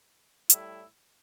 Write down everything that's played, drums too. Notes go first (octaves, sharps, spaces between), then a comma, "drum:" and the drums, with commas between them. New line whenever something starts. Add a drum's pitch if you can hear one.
A2 G3 E4, drum: hi-hat